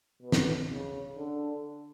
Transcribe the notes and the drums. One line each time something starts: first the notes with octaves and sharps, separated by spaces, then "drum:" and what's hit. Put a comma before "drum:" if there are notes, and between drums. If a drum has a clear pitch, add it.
B2
drum: snare
C#3
D3